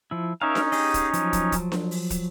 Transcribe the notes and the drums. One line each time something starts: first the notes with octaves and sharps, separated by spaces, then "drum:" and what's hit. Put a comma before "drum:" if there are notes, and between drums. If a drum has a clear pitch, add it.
F3 E4
C#4 D#4 A#4 E5 F5
drum: snare D4
G4 G#4 D#5, drum: open hi-hat
drum: kick, hi-hat
F3 F#3, drum: hi-hat
drum: kick, hi-hat
drum: kick, hi-hat
drum: snare D4
drum: open hi-hat
drum: kick, hi-hat